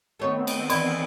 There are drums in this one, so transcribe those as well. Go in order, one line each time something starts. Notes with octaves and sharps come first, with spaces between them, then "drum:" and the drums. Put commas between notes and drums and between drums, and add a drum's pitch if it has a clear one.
D#3 A3 B3 C4 C#5
drum: cymbal
E3 D5 C6, drum: cymbal